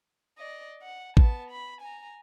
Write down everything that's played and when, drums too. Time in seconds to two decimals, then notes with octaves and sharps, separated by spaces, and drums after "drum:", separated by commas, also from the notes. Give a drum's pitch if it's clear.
0.38 D5 D#5
0.82 F#5
1.17 B3 A5, drum: kick A1
1.50 B5
1.81 G#5 A#5